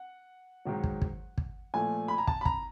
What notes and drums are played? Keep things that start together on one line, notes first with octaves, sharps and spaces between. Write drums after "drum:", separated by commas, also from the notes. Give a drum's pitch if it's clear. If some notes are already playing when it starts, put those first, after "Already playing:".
Already playing: F#5
G#2 D#3 F#3
drum: kick
drum: kick
drum: kick
A#2 F3 A3 G#5
B5
A#5
A5, drum: kick
B5
A#5, drum: kick